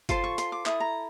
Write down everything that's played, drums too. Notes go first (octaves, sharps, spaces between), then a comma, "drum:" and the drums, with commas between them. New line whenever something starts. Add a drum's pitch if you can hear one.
F4 A4 C5 C6, drum: kick F#1, hi-hat
C#6
C6, drum: hi-hat
D6
E4 A4 D#6, drum: clap
A#5